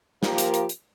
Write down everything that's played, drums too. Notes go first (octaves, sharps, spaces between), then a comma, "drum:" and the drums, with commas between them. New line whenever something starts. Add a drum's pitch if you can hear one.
F3 A#3 F4 G4 A#4, drum: snare
drum: hi-hat
drum: hi-hat
drum: hi-hat